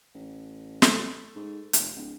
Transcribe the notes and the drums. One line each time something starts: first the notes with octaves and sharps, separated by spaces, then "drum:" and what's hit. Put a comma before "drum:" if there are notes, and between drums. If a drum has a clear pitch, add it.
A1
A3, drum: snare
G#2
F1, drum: hi-hat
D1